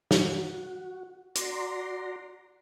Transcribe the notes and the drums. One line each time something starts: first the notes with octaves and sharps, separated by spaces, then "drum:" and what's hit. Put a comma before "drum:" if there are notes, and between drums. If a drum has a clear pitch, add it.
F#4, drum: snare
F#4 D5 A#5 C6, drum: hi-hat